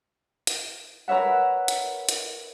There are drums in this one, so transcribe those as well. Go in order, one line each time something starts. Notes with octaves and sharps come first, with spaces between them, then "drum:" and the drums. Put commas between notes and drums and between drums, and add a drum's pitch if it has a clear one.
drum: hi-hat
A#4 B4 C#5 E5 F#5
drum: hi-hat
drum: hi-hat